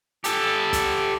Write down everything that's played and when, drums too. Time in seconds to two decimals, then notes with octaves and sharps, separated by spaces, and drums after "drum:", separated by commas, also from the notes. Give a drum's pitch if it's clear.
0.24 G4 A4, drum: hi-hat
0.73 drum: kick, hi-hat